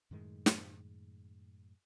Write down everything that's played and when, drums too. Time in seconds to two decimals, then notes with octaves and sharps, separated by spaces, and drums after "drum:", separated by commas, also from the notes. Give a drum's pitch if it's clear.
0.11 F#2 A2 D#3 G#3
0.46 drum: snare